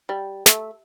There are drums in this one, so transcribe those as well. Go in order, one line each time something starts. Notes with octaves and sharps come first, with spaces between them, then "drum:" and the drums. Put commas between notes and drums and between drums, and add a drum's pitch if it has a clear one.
G3
A3, drum: snare